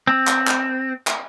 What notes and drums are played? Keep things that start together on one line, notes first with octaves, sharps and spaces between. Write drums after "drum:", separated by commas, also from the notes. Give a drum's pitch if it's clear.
C4
drum: clap
drum: clap
drum: clap